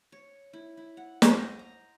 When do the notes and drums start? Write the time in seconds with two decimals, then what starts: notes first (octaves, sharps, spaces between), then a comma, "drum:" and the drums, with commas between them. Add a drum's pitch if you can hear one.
0.12 C#5
0.53 E4
0.77 E4
0.97 F#5
1.22 C5, drum: snare
1.39 D#5
1.59 A#5